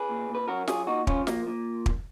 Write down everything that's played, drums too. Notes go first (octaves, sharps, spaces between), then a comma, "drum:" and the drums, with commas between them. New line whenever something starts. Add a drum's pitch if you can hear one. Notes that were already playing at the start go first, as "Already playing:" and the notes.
Already playing: G#4 B4
A#2
A#2
B4
F#3 F#4 A#4
F#3 F4 G#4, drum: snare
A#2 D#4 F#4
F3 C#4 F4, drum: kick
A#2 A#3, drum: snare
A#2
drum: kick